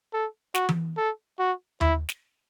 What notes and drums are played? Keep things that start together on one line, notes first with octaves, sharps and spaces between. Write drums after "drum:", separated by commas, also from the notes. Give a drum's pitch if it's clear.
A4
F#4, drum: snare
drum: tom E3
A4
F#4
E4, drum: tom D#2
drum: snare